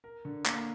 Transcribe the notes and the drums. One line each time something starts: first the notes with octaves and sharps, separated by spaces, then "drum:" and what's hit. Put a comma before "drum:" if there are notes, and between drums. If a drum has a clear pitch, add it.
A#4
D3
A#3, drum: clap